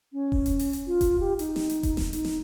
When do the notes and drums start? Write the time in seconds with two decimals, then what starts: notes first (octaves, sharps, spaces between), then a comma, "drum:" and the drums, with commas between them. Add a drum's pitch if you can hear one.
0.13 C#4
0.32 drum: kick E1
0.46 drum: hi-hat
0.59 drum: open hi-hat
0.73 drum: hi-hat
0.87 F4
1.01 drum: kick E1, hi-hat
1.20 G4
1.39 D#4, drum: hi-hat
1.56 drum: snare
1.70 drum: hi-hat
1.83 drum: kick E1, hi-hat
1.97 drum: snare
2.13 D#4, drum: hi-hat
2.25 drum: snare